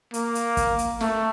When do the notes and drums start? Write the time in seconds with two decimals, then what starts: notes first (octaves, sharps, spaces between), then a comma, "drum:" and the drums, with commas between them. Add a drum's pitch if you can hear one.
0.14 A#3, drum: hi-hat
0.35 drum: hi-hat
0.57 drum: kick, hi-hat
0.79 drum: hi-hat
1.00 A3, drum: snare